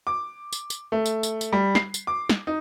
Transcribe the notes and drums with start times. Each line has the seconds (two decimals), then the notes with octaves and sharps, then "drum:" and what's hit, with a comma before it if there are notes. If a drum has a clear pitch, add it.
0.07 D6
0.53 drum: tambourine
0.70 drum: tambourine
0.92 A3
1.06 drum: tambourine
1.23 drum: tambourine
1.41 drum: tambourine
1.52 G3
1.75 C7, drum: snare
1.94 drum: tambourine
2.07 D6
2.29 drum: snare
2.47 D#4